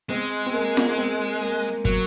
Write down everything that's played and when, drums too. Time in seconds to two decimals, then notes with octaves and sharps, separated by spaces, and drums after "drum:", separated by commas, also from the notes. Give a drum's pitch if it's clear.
0.09 G#3 C4
0.46 C4
0.53 A#3
0.77 drum: snare F4
0.98 C4
1.42 A#3
1.85 F#3 A#3, drum: kick